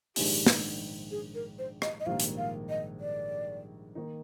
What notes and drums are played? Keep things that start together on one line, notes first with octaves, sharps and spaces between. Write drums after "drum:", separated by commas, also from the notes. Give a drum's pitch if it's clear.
A#1 G#2 D#3 G#3 D4 G4, drum: open hi-hat
drum: snare
G#4
A#4
C5
D#5, drum: rim click
D#5
A#1 G#2 D#3 G3 A#3 F5
drum: hi-hat
F5
D#5
D5
D#3 A#3 D#4